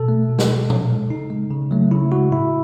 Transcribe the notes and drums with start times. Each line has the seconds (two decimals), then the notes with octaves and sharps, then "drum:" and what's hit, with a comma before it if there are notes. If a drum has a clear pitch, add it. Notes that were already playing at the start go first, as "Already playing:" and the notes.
Already playing: B2 A4
0.08 A3
0.29 B2
0.39 drum: snare
0.49 G#3
0.70 B2, drum: tom A#2
0.90 G#3
1.10 C#3 D#4
1.30 G#3
1.51 C#3
1.71 F#3 A3
1.91 C#3 E4
2.12 G#3 F#4
2.32 A2 E4